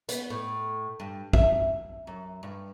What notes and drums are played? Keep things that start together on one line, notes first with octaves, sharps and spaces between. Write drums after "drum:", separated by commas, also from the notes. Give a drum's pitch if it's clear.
B3, drum: hi-hat
A2
G2
E5, drum: kick A1
F#2
G2